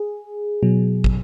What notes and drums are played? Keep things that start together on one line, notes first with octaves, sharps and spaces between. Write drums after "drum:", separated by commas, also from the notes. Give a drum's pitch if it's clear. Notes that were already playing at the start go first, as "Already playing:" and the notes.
Already playing: G#4
B2 F#3
drum: kick